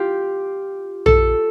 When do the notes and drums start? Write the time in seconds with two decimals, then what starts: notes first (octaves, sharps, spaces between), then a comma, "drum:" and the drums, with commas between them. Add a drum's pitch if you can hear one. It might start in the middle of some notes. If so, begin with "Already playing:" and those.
Already playing: F4 G4
1.06 A4, drum: tom A#1